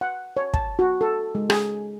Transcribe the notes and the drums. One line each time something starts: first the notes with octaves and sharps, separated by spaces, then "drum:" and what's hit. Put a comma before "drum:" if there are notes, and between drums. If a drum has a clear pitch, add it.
F#5
C#5
A5, drum: kick
F#4
A4
G#3
G#4, drum: rim click